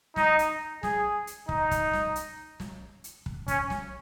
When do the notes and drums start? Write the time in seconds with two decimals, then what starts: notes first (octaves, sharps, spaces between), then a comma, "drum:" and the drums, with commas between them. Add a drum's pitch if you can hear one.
0.16 D#4, drum: snare
0.39 drum: hi-hat
0.83 G#4, drum: snare
1.27 drum: hi-hat
1.49 D#4, drum: kick
1.71 drum: kick, hi-hat
1.93 drum: snare
2.16 drum: hi-hat
2.60 drum: snare
3.04 drum: hi-hat
3.26 drum: kick
3.48 C#4, drum: kick, hi-hat
3.70 drum: snare